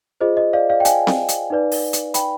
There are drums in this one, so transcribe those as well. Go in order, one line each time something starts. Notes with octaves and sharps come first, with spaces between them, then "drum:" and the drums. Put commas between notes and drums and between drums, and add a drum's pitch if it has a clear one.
F4 G#4 C5 D#5
D#5
D5 F5
D5 F5
G5
F5 G#5, drum: hi-hat
drum: snare C4
drum: hi-hat
D#4 B4 D5
drum: open hi-hat
drum: hi-hat
G5 B5, drum: hi-hat